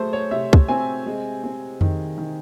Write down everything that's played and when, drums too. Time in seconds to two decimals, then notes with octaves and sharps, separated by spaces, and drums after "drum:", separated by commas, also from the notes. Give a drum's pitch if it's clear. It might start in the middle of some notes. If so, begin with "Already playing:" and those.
Already playing: F#3 A3 G#4 A4 C5
0.13 C#5
0.31 C3 E5
0.53 drum: kick
0.68 C4 G#5
1.06 G#3
1.43 C4
1.81 D#3, drum: tom F2
2.18 D#3